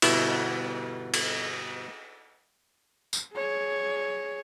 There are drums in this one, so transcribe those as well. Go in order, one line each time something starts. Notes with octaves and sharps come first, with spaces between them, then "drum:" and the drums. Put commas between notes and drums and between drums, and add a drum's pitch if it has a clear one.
G1 B2 B3 E4 E5, drum: cymbal
drum: cymbal
drum: tambourine
G#4 C#5